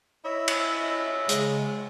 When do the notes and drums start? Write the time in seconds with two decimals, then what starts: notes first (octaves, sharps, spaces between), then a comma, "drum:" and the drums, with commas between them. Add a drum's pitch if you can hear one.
0.24 E4 C#5 D#5 E5
0.48 drum: cymbal
1.29 C#3 G#3, drum: hi-hat